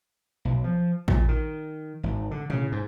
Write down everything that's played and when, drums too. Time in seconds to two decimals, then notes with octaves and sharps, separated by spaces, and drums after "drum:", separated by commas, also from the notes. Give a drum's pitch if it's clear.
0.45 B1
0.64 F3
1.08 A#2, drum: kick A#1
1.29 D#3
2.03 G#1
2.31 D3
2.50 C#3, drum: tom A2
2.72 G#2